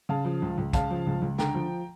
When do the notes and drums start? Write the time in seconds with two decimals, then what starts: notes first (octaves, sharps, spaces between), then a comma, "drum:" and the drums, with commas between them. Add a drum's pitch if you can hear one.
0.09 C#3 F5 A5
0.25 F3
0.42 C#2
0.58 C#2
0.73 C#3 F5 A5, drum: kick, hi-hat
0.90 F3
1.07 C#2
1.22 C#2
1.38 D3 G5 A#5, drum: snare
1.54 F3